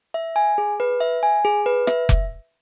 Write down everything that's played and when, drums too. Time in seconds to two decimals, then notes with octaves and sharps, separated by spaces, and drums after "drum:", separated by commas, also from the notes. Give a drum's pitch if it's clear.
0.14 E5
0.36 G#5
0.58 G#4
0.80 B4
1.01 E5
1.23 G#5
1.45 G#4
1.66 B4
1.87 E5, drum: rim click
2.09 drum: kick F1